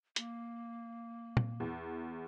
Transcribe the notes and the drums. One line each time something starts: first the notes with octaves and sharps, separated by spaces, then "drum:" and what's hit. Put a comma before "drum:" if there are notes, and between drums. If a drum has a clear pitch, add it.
A#3, drum: hi-hat
drum: tom
E2